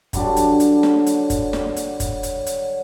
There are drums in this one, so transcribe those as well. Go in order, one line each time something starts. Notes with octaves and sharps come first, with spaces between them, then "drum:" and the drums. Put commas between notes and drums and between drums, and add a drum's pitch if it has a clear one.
D3 F#3 G3 D4, drum: kick, hi-hat
drum: hi-hat
drum: hi-hat
drum: snare
drum: hi-hat
drum: kick, hi-hat
drum: snare
drum: hi-hat
drum: kick, hi-hat
drum: hi-hat
drum: hi-hat